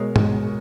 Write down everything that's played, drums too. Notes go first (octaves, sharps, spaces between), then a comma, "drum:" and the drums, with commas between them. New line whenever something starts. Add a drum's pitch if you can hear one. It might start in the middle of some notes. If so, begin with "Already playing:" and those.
Already playing: B2 G#3 A#4 C#5
B2 G#3, drum: tom